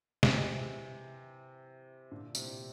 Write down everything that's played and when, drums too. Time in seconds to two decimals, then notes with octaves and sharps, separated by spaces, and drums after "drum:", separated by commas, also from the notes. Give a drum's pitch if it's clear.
0.23 C3 E3, drum: snare
2.11 A#2 D3
2.35 A2 C3, drum: tambourine